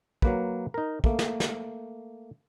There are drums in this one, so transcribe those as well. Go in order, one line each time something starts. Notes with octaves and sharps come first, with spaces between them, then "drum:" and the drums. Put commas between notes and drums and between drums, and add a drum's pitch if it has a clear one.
F#3 A#3 B4, drum: kick
D#4 A#4
A3 A#3, drum: kick
drum: snare
drum: snare